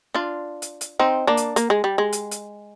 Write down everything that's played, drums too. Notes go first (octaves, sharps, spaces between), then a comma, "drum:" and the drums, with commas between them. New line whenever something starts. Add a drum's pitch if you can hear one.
D4 F4
drum: hi-hat
drum: hi-hat
C4 D#4
A#3 D4
drum: hi-hat
A#3, drum: hi-hat
G#3
G3
G#3
drum: hi-hat
drum: hi-hat